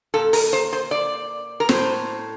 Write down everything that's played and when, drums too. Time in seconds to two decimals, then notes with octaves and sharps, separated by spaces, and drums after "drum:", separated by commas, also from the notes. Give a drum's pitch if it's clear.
0.14 A#2 A4
0.33 A#4, drum: open hi-hat
0.53 C5
0.73 C5
0.91 D5
1.60 A#4
1.69 A2 C5, drum: snare